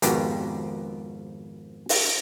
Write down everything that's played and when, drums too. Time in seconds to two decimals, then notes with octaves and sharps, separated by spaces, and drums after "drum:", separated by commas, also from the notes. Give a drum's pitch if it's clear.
0.02 G#1 F2 G#2 B2 G4, drum: hi-hat
1.89 drum: open hi-hat